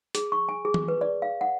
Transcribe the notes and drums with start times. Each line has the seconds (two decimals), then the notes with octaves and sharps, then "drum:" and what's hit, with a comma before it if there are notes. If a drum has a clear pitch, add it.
0.15 G#4, drum: hi-hat
0.32 C#6
0.49 G#5
0.65 G#4
0.74 drum: tom E3
0.88 B4
1.01 D5
1.22 F5
1.41 F#5